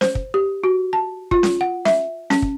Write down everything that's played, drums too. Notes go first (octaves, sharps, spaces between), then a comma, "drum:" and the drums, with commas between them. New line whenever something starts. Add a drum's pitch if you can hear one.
C5, drum: snare C#4
drum: kick
G4
F#4
A5
F4, drum: kick
drum: snare C#4
F#5
E5, drum: snare C#4
C#4, drum: snare C#4
drum: kick